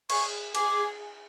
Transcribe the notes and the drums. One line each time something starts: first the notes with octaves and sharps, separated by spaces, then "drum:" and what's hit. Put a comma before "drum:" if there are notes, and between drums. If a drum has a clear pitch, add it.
G#4 C#6, drum: cymbal
G#4 D6, drum: cymbal